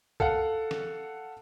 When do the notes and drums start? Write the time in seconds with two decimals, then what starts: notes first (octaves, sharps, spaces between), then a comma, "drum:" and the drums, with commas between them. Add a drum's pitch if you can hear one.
0.20 A4 F5 F#5, drum: kick C2
0.71 drum: snare